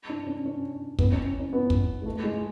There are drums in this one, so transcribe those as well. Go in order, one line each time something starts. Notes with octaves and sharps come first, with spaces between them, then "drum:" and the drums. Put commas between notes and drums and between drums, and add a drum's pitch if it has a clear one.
D4
C#4
C#4
B3, drum: kick
C#4
C#4
B3
drum: kick
G#3
A3
G#3